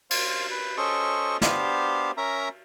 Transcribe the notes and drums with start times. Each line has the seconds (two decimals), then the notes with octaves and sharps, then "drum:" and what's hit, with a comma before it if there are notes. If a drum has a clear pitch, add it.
0.11 C5 F5, drum: cymbal
0.51 B4
0.77 C#4 A4 C5 D#5 C#6
1.42 B3 D4 G4 C5 F5, drum: snare
2.17 C#4 A#4 E5 A#5